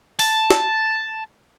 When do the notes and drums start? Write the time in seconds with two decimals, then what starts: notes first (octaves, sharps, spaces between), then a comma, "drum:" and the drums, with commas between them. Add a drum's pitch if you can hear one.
0.19 A5, drum: open hi-hat
0.50 drum: snare